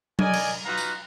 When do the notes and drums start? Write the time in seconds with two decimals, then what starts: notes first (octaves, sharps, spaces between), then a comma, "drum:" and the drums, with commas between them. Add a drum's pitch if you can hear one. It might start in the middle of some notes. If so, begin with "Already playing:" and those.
0.19 A#4 D5 D#5 G#5, drum: tom F#3
0.33 drum: cymbal
0.65 D#4 F4 F#4 B4 F5 A#5
0.78 drum: tambourine